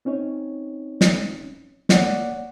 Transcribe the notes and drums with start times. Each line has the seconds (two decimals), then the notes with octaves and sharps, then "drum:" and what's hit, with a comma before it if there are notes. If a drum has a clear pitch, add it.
0.05 C4 C#4 D#4 C#5
1.01 drum: snare
1.89 A#3 C#5 D5 F#5, drum: snare